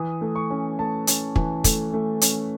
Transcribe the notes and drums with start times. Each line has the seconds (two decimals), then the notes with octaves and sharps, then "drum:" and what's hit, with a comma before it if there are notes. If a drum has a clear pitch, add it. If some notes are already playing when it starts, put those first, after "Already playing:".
Already playing: E3 D#6
0.21 A3
0.36 C#6
0.50 C#4
0.79 A3 A5
1.07 C#4, drum: hi-hat
1.36 E3, drum: kick
1.64 A3, drum: kick, hi-hat
1.93 A3
2.21 C#4, drum: hi-hat